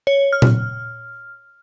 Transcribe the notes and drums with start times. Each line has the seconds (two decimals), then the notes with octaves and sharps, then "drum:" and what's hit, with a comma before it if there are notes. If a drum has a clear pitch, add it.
0.07 C#5
0.33 F6
0.42 drum: tom A#2